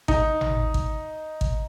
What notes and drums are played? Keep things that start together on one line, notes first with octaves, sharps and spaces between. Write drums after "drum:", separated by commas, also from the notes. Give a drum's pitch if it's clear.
D#4, drum: kick
drum: tom G#1
drum: kick
drum: kick